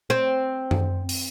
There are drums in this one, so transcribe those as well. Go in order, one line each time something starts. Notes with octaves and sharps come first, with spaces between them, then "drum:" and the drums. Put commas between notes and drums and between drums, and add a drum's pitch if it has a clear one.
C4
drum: tom F#2
drum: open hi-hat